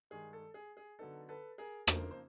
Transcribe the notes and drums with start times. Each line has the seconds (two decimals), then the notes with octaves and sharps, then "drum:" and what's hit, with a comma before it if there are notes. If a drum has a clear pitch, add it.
0.10 G2 D#3 G#3 G#4
0.33 A4
0.54 G#4
0.77 G#4
0.99 D3 F#3 B3 D#4 A4
1.29 A4 B4
1.58 G#4 A#4
1.87 F2 C#3 F3 A#3 D#4 A#4 C5, drum: rim click
2.11 C5